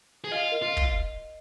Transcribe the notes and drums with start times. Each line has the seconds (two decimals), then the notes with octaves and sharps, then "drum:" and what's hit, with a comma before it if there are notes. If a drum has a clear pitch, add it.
0.24 G#4
0.31 F4 D#5
0.52 A#4
0.62 F4
0.77 drum: kick